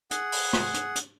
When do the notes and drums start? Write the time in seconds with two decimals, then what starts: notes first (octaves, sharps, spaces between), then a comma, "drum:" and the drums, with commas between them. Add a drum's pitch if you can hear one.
0.11 G#4 F#5, drum: hi-hat
0.32 drum: open hi-hat
0.53 drum: rim click
0.74 drum: hi-hat
0.95 drum: hi-hat